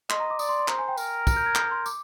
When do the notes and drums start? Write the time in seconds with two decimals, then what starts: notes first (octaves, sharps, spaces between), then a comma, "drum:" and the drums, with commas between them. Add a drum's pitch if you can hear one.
0.10 D#5 C6, drum: clap
0.20 A#5
0.30 D6
0.39 D5 D#6, drum: tambourine
0.49 C6
0.59 C6
0.68 C5 A#5, drum: clap
0.79 G#5
0.88 G5
0.97 A#4, drum: tambourine
1.27 drum: kick, tambourine
1.37 G6
1.46 G#6
1.55 G6, drum: clap
1.71 C6
1.86 D6, drum: tambourine